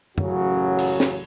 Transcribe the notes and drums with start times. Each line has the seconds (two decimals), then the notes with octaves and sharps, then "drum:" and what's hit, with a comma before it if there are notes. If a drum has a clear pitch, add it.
0.18 A1 F#2 C#3 F#3 F#4, drum: tom F#2
0.79 drum: cymbal
1.00 drum: snare